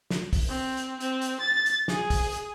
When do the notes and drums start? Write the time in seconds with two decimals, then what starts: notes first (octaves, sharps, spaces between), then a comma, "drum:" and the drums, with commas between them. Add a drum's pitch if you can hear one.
0.11 drum: snare
0.33 drum: kick, open hi-hat
0.49 C4
0.77 drum: hi-hat
1.00 C4, drum: hi-hat
1.22 drum: hi-hat
1.40 A6
1.66 drum: hi-hat
1.88 G#4, drum: snare
2.10 drum: kick, open hi-hat
2.32 drum: hi-hat